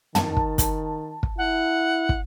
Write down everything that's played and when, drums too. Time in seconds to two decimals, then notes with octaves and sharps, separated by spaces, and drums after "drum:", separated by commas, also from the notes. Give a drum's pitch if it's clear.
0.15 D#3 A5, drum: tom
0.37 drum: kick
0.58 drum: kick, hi-hat
1.23 drum: kick
1.38 E4 F#5
2.09 drum: kick